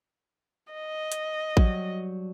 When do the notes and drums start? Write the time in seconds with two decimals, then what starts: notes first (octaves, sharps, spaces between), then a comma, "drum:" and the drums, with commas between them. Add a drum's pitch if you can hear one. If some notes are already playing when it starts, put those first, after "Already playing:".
0.73 D#5
1.12 drum: hi-hat
1.57 G2 F#3, drum: kick A1